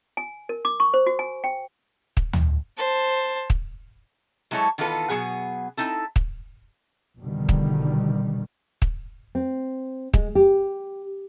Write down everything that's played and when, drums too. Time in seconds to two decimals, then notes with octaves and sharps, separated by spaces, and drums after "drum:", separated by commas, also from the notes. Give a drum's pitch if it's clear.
0.17 G#5
0.49 A#4
0.65 D6
0.80 C#6
0.94 C5
1.06 F#4
1.19 G#5
1.44 G5
2.17 drum: kick
2.33 drum: tom
2.77 C5 A5
3.50 drum: kick
4.51 F#3 G#3 E4 A4 C#5
4.78 D#3 E3 B3 F4 A4 B4
5.09 B2 F#3 B3 G#4
5.77 C4 D#4 E4 A4
6.16 drum: kick
7.19 F1 B2 D3 D#3 G3
7.49 drum: kick
8.82 drum: kick
9.35 C4
10.14 G#3, drum: kick
10.35 G4